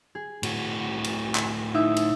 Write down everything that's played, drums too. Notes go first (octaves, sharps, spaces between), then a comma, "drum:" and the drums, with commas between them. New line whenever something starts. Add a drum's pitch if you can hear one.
G#4
A2 F#4, drum: cymbal
drum: cymbal
drum: clap
D#4 E4 E5
drum: cymbal